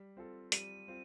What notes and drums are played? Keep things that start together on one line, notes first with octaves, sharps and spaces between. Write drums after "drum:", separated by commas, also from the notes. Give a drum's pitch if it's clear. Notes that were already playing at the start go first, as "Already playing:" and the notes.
Already playing: G3
C4 F4 A4
G3 D#7, drum: hi-hat
C4 F4